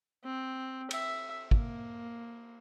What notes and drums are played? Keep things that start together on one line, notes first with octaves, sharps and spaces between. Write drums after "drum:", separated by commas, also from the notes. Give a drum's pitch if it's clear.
C4
E5, drum: cymbal
A#3, drum: kick